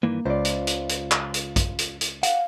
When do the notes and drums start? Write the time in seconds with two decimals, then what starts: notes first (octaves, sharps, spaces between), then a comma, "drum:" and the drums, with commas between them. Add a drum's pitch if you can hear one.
0.03 G2 D#3 E3 A#3
0.25 C#2 F4 C5 D5
0.45 drum: hi-hat
0.67 drum: hi-hat
0.89 drum: hi-hat
1.12 drum: clap
1.34 drum: hi-hat
1.56 drum: kick A#1, hi-hat
1.78 drum: hi-hat
2.01 drum: hi-hat
2.23 F5 F#5, drum: hi-hat